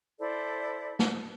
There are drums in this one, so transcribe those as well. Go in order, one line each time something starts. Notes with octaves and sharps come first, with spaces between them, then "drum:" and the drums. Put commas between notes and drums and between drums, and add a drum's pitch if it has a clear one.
E4 A4 C5 D5
drum: snare